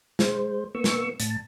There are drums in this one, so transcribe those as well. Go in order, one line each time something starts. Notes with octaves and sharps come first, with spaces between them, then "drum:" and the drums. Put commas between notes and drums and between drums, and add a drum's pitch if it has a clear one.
G#3 C5, drum: snare
A#3 B3 C#6 E6
drum: snare
A2 A5, drum: hi-hat